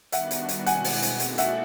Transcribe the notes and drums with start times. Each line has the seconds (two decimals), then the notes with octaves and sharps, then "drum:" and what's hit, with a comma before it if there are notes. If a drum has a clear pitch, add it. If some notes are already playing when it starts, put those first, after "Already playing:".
0.12 D#3 G3 B3 D4 F#4 E5 F#5, drum: hi-hat
0.31 drum: hi-hat
0.49 drum: hi-hat
0.66 B2 G#3 C4 E4 F#5 G#5, drum: hi-hat
0.84 drum: open hi-hat
1.02 drum: hi-hat
1.20 A#3 D#4 F#4 A4 D5, drum: hi-hat
1.38 E5 F#5, drum: hi-hat